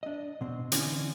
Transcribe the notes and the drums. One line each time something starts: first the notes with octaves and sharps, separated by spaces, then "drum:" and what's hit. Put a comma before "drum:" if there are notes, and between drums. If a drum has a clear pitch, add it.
D4 D#5
B2 C4
D3 E3 C#4 E4, drum: hi-hat